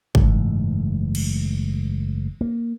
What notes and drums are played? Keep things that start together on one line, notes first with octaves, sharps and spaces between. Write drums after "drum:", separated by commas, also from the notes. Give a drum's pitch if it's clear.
F#1 G#2 E3 A3, drum: kick
drum: cymbal
A#3